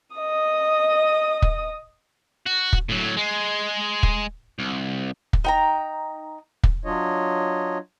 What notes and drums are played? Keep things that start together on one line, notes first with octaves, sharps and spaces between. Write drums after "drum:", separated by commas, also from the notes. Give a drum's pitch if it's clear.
D#5 D#6
drum: kick
F#4
drum: kick
A2 F#3
G#3
drum: kick
C2
drum: kick
D#4 G5 A#5
drum: kick
F#3 D4 F4 C#5 D#5